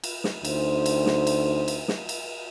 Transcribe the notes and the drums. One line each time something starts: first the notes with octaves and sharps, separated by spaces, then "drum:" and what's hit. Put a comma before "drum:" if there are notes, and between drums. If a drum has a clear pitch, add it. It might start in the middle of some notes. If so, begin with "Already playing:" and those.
drum: cymbal
drum: snare
D2 D#4 C5, drum: cymbal
drum: cymbal
drum: snare
drum: cymbal
drum: cymbal
drum: snare
drum: cymbal